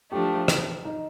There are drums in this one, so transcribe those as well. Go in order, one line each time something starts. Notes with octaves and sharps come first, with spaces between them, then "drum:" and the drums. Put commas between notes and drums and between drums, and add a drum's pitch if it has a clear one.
F3 A3 D4 G4
drum: rim click
D#4